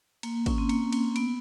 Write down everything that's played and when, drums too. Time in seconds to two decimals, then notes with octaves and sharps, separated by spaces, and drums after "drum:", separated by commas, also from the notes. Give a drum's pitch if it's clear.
0.23 A#3, drum: cymbal
0.46 C#4, drum: kick, cymbal
0.58 C4
0.69 A#3, drum: cymbal
0.92 A#3, drum: cymbal
1.16 B3, drum: cymbal